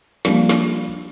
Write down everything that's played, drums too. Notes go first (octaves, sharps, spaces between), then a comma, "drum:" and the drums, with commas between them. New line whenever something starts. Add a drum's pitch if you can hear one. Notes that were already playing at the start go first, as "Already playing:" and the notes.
F3 G3 A#3 D4, drum: snare
drum: snare